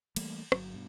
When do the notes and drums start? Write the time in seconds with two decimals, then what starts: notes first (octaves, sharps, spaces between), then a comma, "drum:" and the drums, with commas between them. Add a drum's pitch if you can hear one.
0.16 E3 G3 A3 A#3, drum: cymbal
0.52 G1 F#3, drum: rim click
0.73 G2 B2